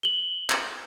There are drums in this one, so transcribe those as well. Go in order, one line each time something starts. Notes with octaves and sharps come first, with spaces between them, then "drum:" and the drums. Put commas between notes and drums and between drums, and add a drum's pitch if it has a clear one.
F#7 G7
drum: clap